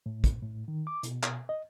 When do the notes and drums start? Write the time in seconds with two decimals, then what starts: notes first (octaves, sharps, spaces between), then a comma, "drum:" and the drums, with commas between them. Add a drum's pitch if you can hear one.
0.06 A2
0.24 drum: kick, hi-hat
0.42 A2
0.68 D#3
0.87 D6
1.03 B2, drum: hi-hat
1.23 drum: clap
1.49 D#5